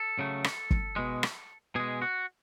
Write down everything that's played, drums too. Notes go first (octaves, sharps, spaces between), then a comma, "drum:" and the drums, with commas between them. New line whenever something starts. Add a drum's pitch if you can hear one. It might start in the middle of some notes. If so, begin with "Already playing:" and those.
Already playing: A4
C#3 F#3 A3
drum: rim click
drum: kick G1
B2 G#3
drum: rim click
B2 G#3 G#4
F#4